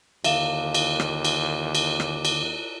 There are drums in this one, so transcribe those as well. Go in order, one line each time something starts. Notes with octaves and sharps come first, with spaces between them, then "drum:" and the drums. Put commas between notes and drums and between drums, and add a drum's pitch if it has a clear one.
D#2 D3 E5 F5 D6 E7, drum: cymbal
drum: cymbal
drum: rim click
drum: cymbal
drum: cymbal
drum: rim click
drum: cymbal